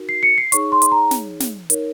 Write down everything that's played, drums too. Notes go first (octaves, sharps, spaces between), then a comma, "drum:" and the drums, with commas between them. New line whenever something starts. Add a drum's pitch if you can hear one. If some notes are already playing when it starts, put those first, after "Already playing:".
Already playing: D#4 F#4 A#4
C7
C#7
C7
D#4 G#4 C#5 C#6, drum: hi-hat
C6
drum: hi-hat
A#5
drum: snare
drum: snare
D#4 A#4 C#5, drum: hi-hat